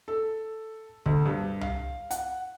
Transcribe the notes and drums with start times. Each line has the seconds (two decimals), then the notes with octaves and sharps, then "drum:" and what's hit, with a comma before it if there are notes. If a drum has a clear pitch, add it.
0.08 A4
1.06 D2, drum: kick
1.26 G2
1.61 F5, drum: tom C2
2.11 F#5, drum: hi-hat